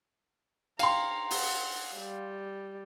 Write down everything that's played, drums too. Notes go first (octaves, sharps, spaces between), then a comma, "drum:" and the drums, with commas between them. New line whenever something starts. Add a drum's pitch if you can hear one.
F5 G5 A#5 C6, drum: cymbal
F#5, drum: open hi-hat
G3